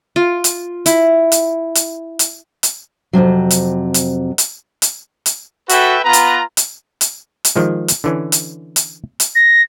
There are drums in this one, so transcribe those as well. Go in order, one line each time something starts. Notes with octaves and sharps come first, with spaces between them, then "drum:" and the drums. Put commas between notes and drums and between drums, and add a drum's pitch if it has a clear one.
F4
drum: hi-hat
E4, drum: hi-hat
drum: hi-hat
drum: hi-hat
drum: hi-hat
drum: hi-hat
F2 A2 C3 F#3
drum: hi-hat
drum: hi-hat
drum: hi-hat
drum: hi-hat
drum: hi-hat
F#4 A4 B4 E5 G5, drum: hi-hat
B3 F4 B4 A#5
drum: hi-hat
drum: hi-hat
drum: hi-hat
drum: hi-hat
D#3 F3 G#3
drum: hi-hat
D3 E3 C#4
drum: hi-hat
drum: hi-hat
drum: hi-hat
A#6